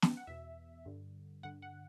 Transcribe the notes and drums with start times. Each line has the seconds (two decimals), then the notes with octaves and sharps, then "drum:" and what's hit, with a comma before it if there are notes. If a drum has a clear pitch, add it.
0.02 drum: snare
0.17 F#5
0.27 E2 B2 E5
0.86 G2 D3
1.43 G2 D3 F#5
1.62 F#5